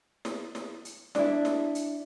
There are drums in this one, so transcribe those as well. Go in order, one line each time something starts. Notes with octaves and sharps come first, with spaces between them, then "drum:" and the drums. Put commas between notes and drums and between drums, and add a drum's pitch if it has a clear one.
drum: snare
drum: snare
drum: hi-hat
D4 E4, drum: snare
drum: snare
drum: hi-hat